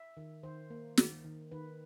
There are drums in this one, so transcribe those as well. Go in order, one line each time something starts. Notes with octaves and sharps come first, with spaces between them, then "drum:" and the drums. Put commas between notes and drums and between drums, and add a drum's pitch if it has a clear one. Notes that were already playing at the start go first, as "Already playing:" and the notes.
Already playing: E5
D#3
D#3 C5
A#3
D#3, drum: snare
D#3
D#3 B4